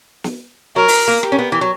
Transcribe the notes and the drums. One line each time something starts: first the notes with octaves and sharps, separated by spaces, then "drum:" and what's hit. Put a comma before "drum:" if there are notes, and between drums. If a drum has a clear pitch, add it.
drum: snare
F#3 A#4
drum: open hi-hat
A#3
G4, drum: rim click
C#4
B3
E3
F#3